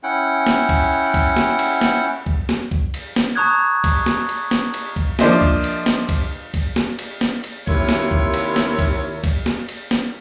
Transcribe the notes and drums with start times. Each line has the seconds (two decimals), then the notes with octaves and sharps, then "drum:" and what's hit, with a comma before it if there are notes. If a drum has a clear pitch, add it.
0.03 C#4 E4 F#5 G5
0.47 drum: snare
0.69 drum: kick C2, cymbal
1.14 drum: kick C2, cymbal
1.36 drum: snare
1.59 drum: cymbal
1.81 drum: snare
2.26 drum: kick C2
2.49 drum: snare
2.71 drum: kick C2
2.94 drum: cymbal
3.16 drum: snare
3.35 A5 A#5 C#6 D#6 F#6 G#6
3.84 drum: kick C2, cymbal
4.06 drum: snare
4.29 drum: cymbal
4.51 drum: snare
4.74 drum: cymbal
4.96 drum: kick C2
5.19 F3 A#3 D4 C5 D#5 E5, drum: snare
5.41 drum: kick C2
5.64 drum: cymbal
5.86 drum: snare
6.09 drum: kick C2, cymbal
6.54 drum: kick C2, cymbal
6.76 drum: snare
6.99 drum: cymbal
7.21 drum: snare
7.44 drum: cymbal
7.67 D#2 C3 E4 F4 A#4 C#5, drum: kick C2
7.89 drum: snare
8.11 drum: kick C2
8.34 drum: cymbal
8.56 drum: snare
8.79 drum: kick C2, cymbal
9.24 drum: kick C2, cymbal
9.46 drum: snare
9.69 drum: cymbal
9.91 drum: snare